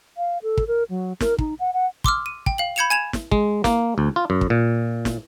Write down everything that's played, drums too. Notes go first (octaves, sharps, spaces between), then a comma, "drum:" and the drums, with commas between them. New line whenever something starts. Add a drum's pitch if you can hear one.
F5
A4
drum: kick
A#4
F#3
A#4, drum: snare
D#4, drum: kick
F#5
F#5
C6 D6 E6 F6, drum: kick
D#7
G5, drum: kick
F5 F#7
B5 G6 G#6 C#7 E7 F7
G#5 G#6 E7 F7
drum: snare
G#3, drum: kick
A#3, drum: snare
D2
F4
F#2
drum: kick
A#2
drum: snare